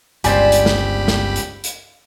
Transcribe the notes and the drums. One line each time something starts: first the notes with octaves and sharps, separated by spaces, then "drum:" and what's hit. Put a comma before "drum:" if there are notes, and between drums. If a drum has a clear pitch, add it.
G1 C#2 G4 C5 D5 G#5 B5, drum: hi-hat
drum: hi-hat
drum: snare
drum: snare
drum: hi-hat
drum: hi-hat